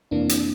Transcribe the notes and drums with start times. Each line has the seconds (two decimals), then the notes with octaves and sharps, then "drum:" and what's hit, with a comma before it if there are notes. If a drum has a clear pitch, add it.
0.11 F2 C3 E3 A#3 D4
0.29 drum: hi-hat